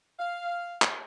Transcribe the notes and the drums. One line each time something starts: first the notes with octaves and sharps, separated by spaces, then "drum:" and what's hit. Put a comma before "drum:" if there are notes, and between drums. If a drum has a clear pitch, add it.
F5
drum: clap